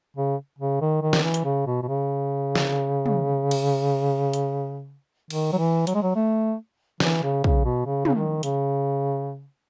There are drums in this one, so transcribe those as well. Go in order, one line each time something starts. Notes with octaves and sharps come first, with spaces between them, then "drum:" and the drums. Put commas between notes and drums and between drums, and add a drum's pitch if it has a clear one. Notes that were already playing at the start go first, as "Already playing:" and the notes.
C#3
C#3
D#3
D#3
drum: snare
E3
drum: hi-hat
C#3
B2
B2
C#3
drum: snare
drum: tom
drum: cymbal
drum: hi-hat
D#3, drum: cymbal
F#3
E3
F#3, drum: hi-hat
G#3
F#3
A3
E3, drum: snare
C#3
C#3, drum: kick
B2
C#3
C#3, drum: tom
D#3
C#3, drum: hi-hat